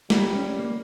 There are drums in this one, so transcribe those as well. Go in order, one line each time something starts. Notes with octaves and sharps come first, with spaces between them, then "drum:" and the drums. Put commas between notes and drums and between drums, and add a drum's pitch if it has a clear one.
G3 A#3, drum: snare
C#4
A#3